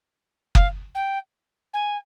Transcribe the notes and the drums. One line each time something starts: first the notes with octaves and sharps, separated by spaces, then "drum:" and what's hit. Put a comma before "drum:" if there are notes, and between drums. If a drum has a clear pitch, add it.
F5, drum: kick F#1
G5
G#5